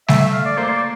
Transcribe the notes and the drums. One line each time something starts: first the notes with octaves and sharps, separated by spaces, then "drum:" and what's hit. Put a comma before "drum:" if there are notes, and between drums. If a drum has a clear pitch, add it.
A3 E5, drum: snare G3
E5
F5
D5
A#3 C5
D5